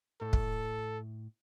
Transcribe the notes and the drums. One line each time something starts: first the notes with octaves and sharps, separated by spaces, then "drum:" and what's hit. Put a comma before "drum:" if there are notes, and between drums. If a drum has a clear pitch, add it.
A2 A4
drum: kick